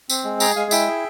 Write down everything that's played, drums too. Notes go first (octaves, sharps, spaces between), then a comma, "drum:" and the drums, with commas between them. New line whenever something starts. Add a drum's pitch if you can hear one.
C4, drum: tambourine
G#3
G#4 G5 A#5, drum: tambourine
G#3 F5 G#5
E4 E5 G5, drum: tambourine
G#4